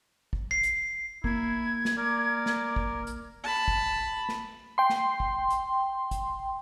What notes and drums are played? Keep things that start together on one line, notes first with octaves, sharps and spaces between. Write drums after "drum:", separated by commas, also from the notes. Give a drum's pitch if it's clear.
drum: kick
C7
drum: hi-hat
A#3 E4 G#6, drum: kick
drum: snare
A#4 D5
drum: snare
drum: kick
drum: hi-hat
A5 B5
drum: kick
drum: snare
G5 C6
drum: snare
drum: kick
drum: hi-hat
drum: kick, hi-hat